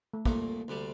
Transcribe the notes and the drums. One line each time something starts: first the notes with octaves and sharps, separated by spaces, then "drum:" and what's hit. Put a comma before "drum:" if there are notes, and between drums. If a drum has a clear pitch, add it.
A3
C2 A#2 A3 A#3, drum: kick
D2 C3 G3